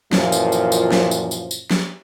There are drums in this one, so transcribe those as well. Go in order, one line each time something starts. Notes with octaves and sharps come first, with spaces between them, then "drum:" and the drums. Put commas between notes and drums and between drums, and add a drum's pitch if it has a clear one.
F#2 A#2 E3 F3, drum: snare
drum: tambourine
drum: tambourine
drum: tambourine
drum: snare
drum: tambourine
drum: tambourine
drum: tambourine
drum: snare